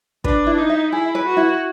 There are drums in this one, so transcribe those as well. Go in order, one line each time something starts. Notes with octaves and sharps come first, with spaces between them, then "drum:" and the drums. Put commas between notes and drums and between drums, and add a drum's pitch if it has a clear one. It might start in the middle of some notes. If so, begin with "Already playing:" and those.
D4 B4, drum: kick
E4
D#4
E5
E4 G#4
B4
F#4
E4